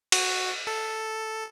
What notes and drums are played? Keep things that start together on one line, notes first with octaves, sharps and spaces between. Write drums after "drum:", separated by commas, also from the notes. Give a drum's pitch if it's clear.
F#4, drum: cymbal
A4